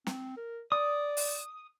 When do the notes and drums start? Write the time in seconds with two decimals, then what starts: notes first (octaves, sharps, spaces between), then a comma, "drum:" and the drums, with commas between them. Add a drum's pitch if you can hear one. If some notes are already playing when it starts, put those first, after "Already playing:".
0.07 C4, drum: snare
0.37 A#4
0.72 D5 D#6
1.17 drum: open hi-hat